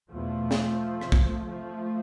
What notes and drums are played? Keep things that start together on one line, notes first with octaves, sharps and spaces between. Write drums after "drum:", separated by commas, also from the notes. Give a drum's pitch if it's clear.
E2 B2 F3 A3
drum: snare
F2 C3, drum: rim click
drum: kick
F3 A3